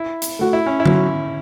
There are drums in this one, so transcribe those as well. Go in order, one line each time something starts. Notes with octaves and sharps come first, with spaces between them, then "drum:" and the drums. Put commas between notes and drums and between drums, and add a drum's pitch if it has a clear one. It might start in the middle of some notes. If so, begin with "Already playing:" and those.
Already playing: E4
drum: hi-hat
A3 F#4
E4
C#4
E4
F#3, drum: tom D3